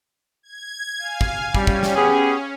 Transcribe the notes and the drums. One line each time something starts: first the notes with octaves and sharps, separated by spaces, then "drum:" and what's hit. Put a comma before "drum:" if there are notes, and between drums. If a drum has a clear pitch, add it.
G#6
F5 G#5
drum: kick
G3 C#4, drum: kick
drum: kick
drum: snare
B3 G4 G#4